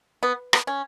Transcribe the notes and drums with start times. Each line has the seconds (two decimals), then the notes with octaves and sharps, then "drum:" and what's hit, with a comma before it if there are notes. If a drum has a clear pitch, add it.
0.23 B3
0.53 B3, drum: rim click
0.67 C#4